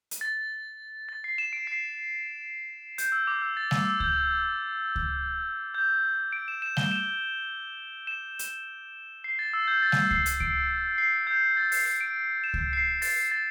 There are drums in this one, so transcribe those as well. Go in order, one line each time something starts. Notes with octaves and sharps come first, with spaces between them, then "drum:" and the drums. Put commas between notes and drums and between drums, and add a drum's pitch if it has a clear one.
drum: hi-hat
A6
A6
C7
E7
D7
C7
G6, drum: hi-hat
E6
D6
E6
A6
E6, drum: snare G3
E6
G6, drum: kick C#2
drum: kick C#2
G6
D7
E7
E7
G7, drum: snare G3
E7
E7
drum: hi-hat
C7
A6
E6
G6
A6
drum: snare G3
C7, drum: kick C#2
drum: hi-hat
D7, drum: kick C#2
C7
G6
A6
C7, drum: open hi-hat
C7
D7
E7
drum: kick C#2
C7
A6, drum: open hi-hat
A6